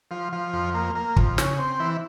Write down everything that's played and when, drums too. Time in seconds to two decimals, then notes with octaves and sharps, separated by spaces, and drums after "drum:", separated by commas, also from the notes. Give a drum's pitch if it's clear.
0.11 F3
0.33 F3
0.53 F2
0.74 A#3
0.95 A#3
1.16 F2, drum: kick
1.38 C#3, drum: snare
1.59 C4
1.80 E3